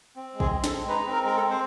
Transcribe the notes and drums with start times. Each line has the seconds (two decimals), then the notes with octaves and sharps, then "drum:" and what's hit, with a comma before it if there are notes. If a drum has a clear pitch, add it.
0.16 C4
0.34 G#3
0.40 G#4, drum: kick
0.53 C4
0.64 A4, drum: snare
0.70 G#3
0.88 D#4 B4
1.07 C4
1.12 A#4
1.24 G#3 A#4
1.36 A4
1.42 C4
1.50 C5